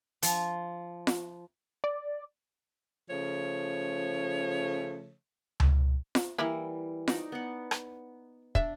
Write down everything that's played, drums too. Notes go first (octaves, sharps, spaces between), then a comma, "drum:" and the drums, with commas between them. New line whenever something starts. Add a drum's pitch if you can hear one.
F3, drum: hi-hat
drum: snare F4
D5
C#3 F3 A3 C#5
drum: tom C#2
drum: snare F4
E3 G3 A#3 E4 A#4
D#4 D5, drum: snare F4
B3 F#5
drum: rim click
D4 E5, drum: kick